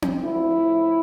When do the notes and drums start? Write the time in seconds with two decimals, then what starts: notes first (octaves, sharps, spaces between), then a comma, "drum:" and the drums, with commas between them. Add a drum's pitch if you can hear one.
0.02 drum: tom C4
0.19 D2 D3 F3 E4
0.55 A2 F3